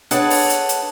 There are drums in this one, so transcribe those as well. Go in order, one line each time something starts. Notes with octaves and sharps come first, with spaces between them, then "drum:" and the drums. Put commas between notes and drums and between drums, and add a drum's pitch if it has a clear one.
D4 G#4 A4 B4 C#5 F#5, drum: hi-hat
drum: open hi-hat
drum: hi-hat
drum: hi-hat